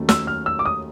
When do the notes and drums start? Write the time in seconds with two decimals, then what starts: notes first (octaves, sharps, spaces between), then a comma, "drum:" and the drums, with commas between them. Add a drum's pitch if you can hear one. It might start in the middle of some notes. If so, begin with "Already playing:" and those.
Already playing: D#2 D#3 F#3 A3 C#4
0.09 E6, drum: snare
0.27 F6
0.46 E6
0.59 D6
0.65 D#6